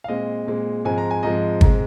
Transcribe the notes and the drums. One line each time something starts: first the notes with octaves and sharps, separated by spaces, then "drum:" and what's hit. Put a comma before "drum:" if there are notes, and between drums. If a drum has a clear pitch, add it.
F5
A#2 G#3 C4 D#5
A#2 G#3 C4
G#2 F3 G#3 C4 G#5
A#5
G#5
G#2 F3 G#3 C4 D#5
G#2 G#3 C4, drum: kick G1